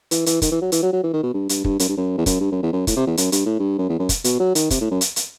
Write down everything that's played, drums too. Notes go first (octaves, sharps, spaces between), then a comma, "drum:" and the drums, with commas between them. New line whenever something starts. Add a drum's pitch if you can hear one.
E3, drum: hi-hat
E3, drum: hi-hat
D#3, drum: kick, hi-hat
E3
F#3
E3, drum: hi-hat
F#3
F#3
E3
D#3
B2
G2
G2, drum: hi-hat
G2, drum: kick
F#2, drum: hi-hat
G2
F#2
E2
F#2, drum: kick, hi-hat
G2
F#2
E2
F#2
A2, drum: kick, hi-hat
C3
E2
F#2, drum: hi-hat
G2, drum: hi-hat
A2
G2
F#2
E2
F#2
drum: kick, hi-hat
B2, drum: hi-hat
F#3
D#3, drum: hi-hat
C3, drum: kick, hi-hat
A2
F#2
drum: hi-hat
drum: hi-hat